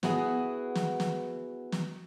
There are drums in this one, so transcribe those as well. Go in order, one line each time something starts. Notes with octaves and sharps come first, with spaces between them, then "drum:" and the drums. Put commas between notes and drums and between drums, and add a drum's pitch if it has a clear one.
B3 E4 F#4 G#4, drum: snare
drum: snare
drum: snare
drum: snare